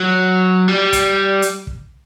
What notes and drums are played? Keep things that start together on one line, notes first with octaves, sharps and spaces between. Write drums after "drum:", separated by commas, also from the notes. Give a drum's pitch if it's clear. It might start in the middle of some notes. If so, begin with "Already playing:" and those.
Already playing: F#3
G3
drum: kick, hi-hat
drum: hi-hat
drum: kick